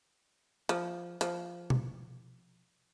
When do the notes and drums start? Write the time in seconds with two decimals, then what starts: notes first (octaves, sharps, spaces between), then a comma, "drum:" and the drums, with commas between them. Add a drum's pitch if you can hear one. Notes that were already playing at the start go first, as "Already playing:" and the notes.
0.69 F3, drum: hi-hat
1.21 F3, drum: hi-hat
1.70 drum: tom B2